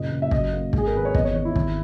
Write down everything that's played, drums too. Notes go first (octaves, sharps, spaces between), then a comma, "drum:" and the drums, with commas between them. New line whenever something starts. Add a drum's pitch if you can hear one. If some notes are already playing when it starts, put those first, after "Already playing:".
Already playing: F#1 A#2 D#5
F#1
E5
F#3 D#5, drum: kick
A#3
G#2, drum: kick
G#4
A#4
G#1 B4
C#5
E2 D#5, drum: kick
C#5
D#3 C#5
E4
G#1, drum: kick